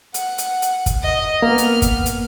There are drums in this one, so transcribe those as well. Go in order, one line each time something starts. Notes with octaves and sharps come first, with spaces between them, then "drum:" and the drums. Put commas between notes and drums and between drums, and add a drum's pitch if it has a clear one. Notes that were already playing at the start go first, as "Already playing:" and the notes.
F#5, drum: hi-hat
drum: hi-hat
drum: hi-hat
drum: kick, hi-hat
D#5
A#3 B3 F6
drum: hi-hat
drum: kick, hi-hat
drum: hi-hat